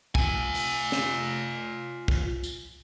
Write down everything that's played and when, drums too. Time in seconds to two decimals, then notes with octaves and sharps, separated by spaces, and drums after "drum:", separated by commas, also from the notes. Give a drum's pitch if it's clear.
0.15 F4 G#5, drum: kick
0.55 drum: open hi-hat
0.92 drum: snare
2.08 drum: kick
2.43 drum: tambourine